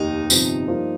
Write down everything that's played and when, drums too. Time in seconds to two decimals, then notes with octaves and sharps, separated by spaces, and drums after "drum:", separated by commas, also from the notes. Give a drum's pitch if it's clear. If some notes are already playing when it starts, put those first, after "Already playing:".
Already playing: F1 D#2 D#3 D#4
0.30 G1 F2 C3 F3, drum: tambourine
0.68 G2 F3 A#3 F4